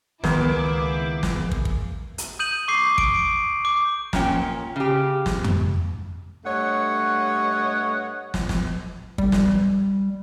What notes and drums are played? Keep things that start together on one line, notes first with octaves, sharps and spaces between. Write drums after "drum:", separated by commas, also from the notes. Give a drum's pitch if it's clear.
C#2 D#3 A#3 B3 E4 G#4 C5 D6, drum: snare
drum: snare
drum: kick
drum: kick
drum: hi-hat
D#6 G6 D#7 F#7
C#6 D6 C7
D7, drum: kick
D6
A#2 C#4 G5, drum: snare
C#3 G4
drum: snare
drum: tom F2
G2 A3 C#5 D#5 F#5
drum: snare
drum: snare
G3, drum: kick
drum: snare